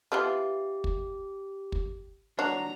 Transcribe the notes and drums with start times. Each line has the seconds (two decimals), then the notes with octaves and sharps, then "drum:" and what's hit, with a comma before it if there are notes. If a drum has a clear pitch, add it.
0.12 B3 E4 F4 G4
0.84 drum: kick
1.72 drum: kick
2.39 D4 F#4 C#5 A#5